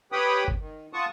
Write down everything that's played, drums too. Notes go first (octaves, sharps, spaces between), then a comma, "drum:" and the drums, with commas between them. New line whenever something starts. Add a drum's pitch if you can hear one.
G4 B4 C#5 G5 B5 D#6
drum: kick
D#3
F4 F#5 A5 C#6 D#6